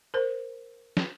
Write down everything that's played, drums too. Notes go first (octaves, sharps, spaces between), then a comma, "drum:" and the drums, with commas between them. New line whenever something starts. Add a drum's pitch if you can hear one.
A#4 C5
drum: snare